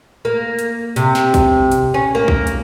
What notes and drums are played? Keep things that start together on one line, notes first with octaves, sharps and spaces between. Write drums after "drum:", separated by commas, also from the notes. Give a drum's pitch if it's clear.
A#3
drum: hi-hat
C3, drum: hi-hat
drum: snare
drum: kick A#1, hi-hat
drum: hi-hat
C#4
A#3
drum: kick A#1
drum: hi-hat